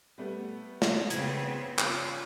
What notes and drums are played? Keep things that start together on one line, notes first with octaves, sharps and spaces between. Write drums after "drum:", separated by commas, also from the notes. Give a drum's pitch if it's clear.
G3 A3 B3
drum: snare
C#3 B3 C4 G#6, drum: hi-hat
C#4 F4 D5 E6, drum: clap